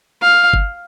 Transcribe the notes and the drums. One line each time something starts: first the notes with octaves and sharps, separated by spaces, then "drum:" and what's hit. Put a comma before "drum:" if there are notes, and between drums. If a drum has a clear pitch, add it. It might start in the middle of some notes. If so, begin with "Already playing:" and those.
F5
drum: kick G1